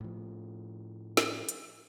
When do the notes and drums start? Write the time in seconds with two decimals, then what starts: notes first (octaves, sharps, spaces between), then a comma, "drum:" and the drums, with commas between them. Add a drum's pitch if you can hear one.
0.01 A2 F3
1.17 drum: snare
1.49 drum: hi-hat